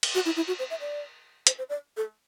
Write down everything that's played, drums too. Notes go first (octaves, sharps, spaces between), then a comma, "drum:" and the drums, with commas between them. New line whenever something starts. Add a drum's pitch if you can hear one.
drum: cymbal
F#4
E4
E4
F#4
C5
E5
D5
C5, drum: hi-hat
C5
D5
A4